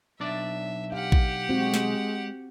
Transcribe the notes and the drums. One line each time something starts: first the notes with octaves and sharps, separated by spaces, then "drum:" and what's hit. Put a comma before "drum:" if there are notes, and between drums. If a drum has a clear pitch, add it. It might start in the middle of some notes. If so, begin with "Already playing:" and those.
B1 D4 D5 E5
G4 F5 F#5
drum: kick A1
G#3 C4 F#4
drum: snare